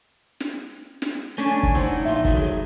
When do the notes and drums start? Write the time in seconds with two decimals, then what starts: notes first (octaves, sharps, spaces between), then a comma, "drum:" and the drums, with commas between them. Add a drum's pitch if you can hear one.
0.40 drum: snare
1.02 drum: snare
1.38 A3 C#4 D4 G#5
1.63 drum: kick
1.75 D#4 E4 C5 F#5 G5
2.05 F2 A#2 F4 E5
2.25 D#3 F#3 A3, drum: kick
2.39 G#4